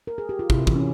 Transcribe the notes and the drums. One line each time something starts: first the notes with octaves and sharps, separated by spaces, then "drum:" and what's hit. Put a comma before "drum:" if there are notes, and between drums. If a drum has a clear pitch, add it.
A#4
G#4
G4
F4
C3 E4, drum: kick
E3, drum: kick
C#4